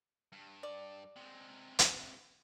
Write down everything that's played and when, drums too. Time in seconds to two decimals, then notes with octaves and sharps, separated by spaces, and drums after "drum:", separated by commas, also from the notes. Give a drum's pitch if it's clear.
0.33 G2
0.63 D5
1.16 C3 G#3
1.79 drum: hi-hat